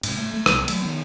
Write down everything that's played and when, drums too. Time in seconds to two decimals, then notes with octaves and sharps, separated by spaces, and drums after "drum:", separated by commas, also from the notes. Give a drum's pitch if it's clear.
0.03 G#2 C3, drum: cymbal
0.18 A3
0.34 A3
0.46 C2 B2, drum: rim click
0.68 F#3 A3, drum: cymbal
0.82 D#3 B3